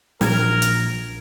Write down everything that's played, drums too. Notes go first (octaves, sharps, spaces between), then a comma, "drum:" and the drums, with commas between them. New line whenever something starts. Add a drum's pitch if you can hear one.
A#1 A#4 G#6, drum: snare
drum: hi-hat